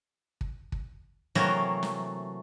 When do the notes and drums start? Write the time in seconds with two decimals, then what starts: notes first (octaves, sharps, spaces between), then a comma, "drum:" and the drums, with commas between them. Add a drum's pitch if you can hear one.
0.41 drum: kick
0.72 drum: kick
1.35 C3 E3 F#3 A3 A#3, drum: snare
1.83 drum: snare